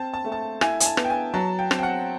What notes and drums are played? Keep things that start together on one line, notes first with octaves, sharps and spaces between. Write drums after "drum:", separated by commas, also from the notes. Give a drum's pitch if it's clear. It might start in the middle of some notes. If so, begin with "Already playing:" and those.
Already playing: C4 A5
A5
A3
A5
E4 G#5, drum: rim click
G#5, drum: hi-hat
A5
B3, drum: rim click
G5
G#5
F#3 A5
G5
C4, drum: rim click
G5
F#5